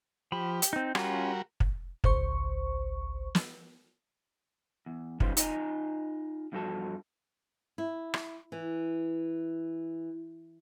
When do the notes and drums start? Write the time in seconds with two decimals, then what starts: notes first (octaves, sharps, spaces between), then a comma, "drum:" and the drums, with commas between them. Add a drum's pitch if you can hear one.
0.32 F3 G4 B5
0.62 drum: hi-hat
0.73 C4 D#4
0.95 G3 C#4 F4 F#4 A#4, drum: rim click
1.60 drum: kick
2.04 G#1 C#2 C5 C#6, drum: kick
3.35 drum: snare
4.86 E2
5.20 D#3 G3 C#4 F4 B4 C5, drum: kick
5.37 D#4 F4 D#5 G#5 A#5, drum: hi-hat
6.52 E2 G2 F3 F#4 A4 A5
7.78 E4
8.14 drum: rim click
8.52 E3